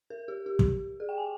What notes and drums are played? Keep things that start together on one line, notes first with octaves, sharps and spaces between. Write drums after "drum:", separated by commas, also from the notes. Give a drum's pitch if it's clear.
A#4
G4
G4
drum: kick
G#4
G5
G#5